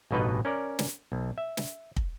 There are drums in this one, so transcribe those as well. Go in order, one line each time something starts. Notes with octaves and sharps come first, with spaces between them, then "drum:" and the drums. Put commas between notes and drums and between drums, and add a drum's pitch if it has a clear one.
A1 G2 B2 D#4 B4 D#5
C#4 A#4 D5
drum: snare
B1
E5
drum: snare
drum: kick